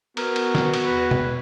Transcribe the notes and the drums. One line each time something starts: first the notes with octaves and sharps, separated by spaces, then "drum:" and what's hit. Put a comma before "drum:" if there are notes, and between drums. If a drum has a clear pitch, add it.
B3 F#4 A#4, drum: cymbal
drum: cymbal
drum: snare
drum: cymbal
E2 B4
drum: tom